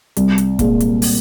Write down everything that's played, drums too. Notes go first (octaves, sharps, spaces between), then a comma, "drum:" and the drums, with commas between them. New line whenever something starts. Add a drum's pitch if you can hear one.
C2, drum: hi-hat
drum: hi-hat
A#2 G#3, drum: kick, hi-hat
drum: hi-hat
drum: open hi-hat